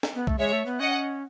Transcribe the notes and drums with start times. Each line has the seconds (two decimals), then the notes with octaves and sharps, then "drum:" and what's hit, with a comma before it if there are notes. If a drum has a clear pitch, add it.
0.03 drum: snare
0.15 B3
0.27 A3, drum: kick
0.38 G#3 C#5 E5
0.53 A3
0.66 B3
0.79 C#4 D#5 F#5